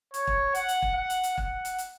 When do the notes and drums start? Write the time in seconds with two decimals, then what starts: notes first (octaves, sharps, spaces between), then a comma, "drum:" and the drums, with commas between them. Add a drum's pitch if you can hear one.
0.14 C#5, drum: hi-hat
0.27 drum: kick
0.55 F#5, drum: hi-hat
0.69 drum: hi-hat
0.82 drum: kick
0.96 F#5
1.10 drum: hi-hat
1.24 drum: hi-hat
1.38 F#5, drum: kick
1.65 drum: hi-hat
1.78 drum: hi-hat